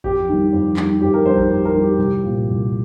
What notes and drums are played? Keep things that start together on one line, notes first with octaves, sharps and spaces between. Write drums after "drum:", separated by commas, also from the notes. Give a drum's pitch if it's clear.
F2 G4, drum: kick A1
D#3 G3
F2
D#3 G3, drum: clap
F2 G4
A#4
D#3 G3 C5
A#4, drum: kick A1
F2 G4
A#4
D#3 G3
G4
C2 G4
A#2 F3
C2